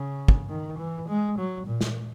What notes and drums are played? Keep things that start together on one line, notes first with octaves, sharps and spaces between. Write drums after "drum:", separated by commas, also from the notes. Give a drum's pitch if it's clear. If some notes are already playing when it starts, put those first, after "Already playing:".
Already playing: C#3
drum: kick
D#3
E3
G#3
F#3
A#2
drum: snare